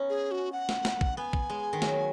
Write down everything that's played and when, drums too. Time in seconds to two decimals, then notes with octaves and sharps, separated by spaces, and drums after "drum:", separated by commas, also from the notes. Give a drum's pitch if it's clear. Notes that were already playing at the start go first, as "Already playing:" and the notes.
Already playing: B3 C#4 D#4
0.09 G#4
0.31 F#4
0.52 F#5
0.69 drum: snare
0.85 drum: snare
1.01 drum: kick
1.17 B3 G#5
1.33 drum: kick
1.50 G#3
1.73 D#3
1.82 F#3, drum: snare